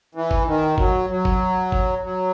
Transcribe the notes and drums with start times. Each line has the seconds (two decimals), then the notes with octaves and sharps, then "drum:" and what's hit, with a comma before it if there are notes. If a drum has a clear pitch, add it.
0.15 E3
0.31 drum: kick G1
0.47 D#3
0.78 F#3, drum: kick G1
1.10 F#3
1.25 drum: kick G1
1.72 drum: kick G1
2.03 F#3